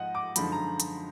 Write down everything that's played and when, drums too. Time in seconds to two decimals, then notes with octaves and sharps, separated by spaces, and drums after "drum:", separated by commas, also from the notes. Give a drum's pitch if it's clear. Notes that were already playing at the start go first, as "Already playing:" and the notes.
Already playing: G#2 F3 D#5 F#5
0.15 D6
0.36 F#2 D3 F3 G#3 D#4 B5, drum: hi-hat
0.52 A#5
0.80 drum: hi-hat